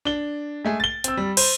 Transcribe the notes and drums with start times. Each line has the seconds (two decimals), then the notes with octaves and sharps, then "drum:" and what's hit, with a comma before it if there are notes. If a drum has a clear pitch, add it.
0.05 D4 G7
0.65 G#3 A3 G#4
0.80 A6 G7
1.04 C4 E6, drum: hi-hat
1.17 G3
1.37 C5, drum: cymbal